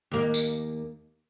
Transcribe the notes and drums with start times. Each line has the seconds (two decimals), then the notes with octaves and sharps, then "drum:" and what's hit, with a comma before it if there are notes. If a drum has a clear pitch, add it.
0.11 D#2 A#3
0.34 drum: tambourine